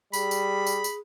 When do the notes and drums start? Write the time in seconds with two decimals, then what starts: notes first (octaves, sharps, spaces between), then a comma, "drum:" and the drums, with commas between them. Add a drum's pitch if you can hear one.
0.13 G3 G#4 B5, drum: tambourine
0.31 drum: tambourine
0.67 drum: tambourine
0.84 drum: tambourine